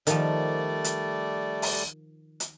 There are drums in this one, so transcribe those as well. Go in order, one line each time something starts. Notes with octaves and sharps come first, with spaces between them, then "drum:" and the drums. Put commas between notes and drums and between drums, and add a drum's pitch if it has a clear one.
D#3 F3 G3 A3 D5, drum: hi-hat
drum: hi-hat
drum: open hi-hat
drum: hi-hat